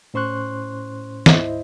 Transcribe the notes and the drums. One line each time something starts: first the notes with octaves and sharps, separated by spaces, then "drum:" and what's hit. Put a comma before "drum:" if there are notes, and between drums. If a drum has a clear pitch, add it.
A2 C#4 C5 C6 C#6 F#6
D2 G#2 E4 C5 D#5 E5, drum: snare